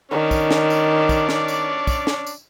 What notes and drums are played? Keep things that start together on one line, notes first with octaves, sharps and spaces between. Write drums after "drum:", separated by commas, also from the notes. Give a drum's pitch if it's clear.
D#3 C#4 D4 D5
drum: kick, tambourine
drum: snare
drum: tambourine
drum: kick, tambourine
drum: snare
drum: tambourine
drum: kick, tambourine
drum: snare
drum: tambourine